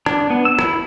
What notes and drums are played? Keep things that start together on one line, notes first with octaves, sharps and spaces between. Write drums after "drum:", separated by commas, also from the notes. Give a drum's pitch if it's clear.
D4, drum: rim click
B3
E6
E4, drum: rim click